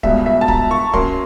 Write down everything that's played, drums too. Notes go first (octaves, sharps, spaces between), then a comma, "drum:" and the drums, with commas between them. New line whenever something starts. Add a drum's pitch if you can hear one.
C#2 B2 G3 E5, drum: kick
E5
A5
A#5, drum: kick
C#6
F#3 A#3 C#4 C6, drum: kick